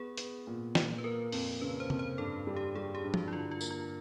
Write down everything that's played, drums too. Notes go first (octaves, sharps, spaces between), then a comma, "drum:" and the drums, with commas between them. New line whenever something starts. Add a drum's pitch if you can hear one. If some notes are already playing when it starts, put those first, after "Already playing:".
Already playing: B3 G#4
B3, drum: hi-hat
A#2
A#2, drum: snare
B4
A#3 A#4
F2, drum: open hi-hat
C#3 B4
C5
F2, drum: tom C3
C5
G2 A4
G3
G4
G3 G#4
G4
G2
F#4, drum: tom
E4
D3 F4
F4
A#3, drum: tambourine
F4